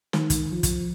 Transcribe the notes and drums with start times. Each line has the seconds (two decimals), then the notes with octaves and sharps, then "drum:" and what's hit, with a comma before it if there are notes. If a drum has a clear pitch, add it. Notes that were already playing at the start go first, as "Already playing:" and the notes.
0.13 D#3, drum: snare
0.30 drum: kick, hi-hat
0.52 F3
0.63 drum: kick, hi-hat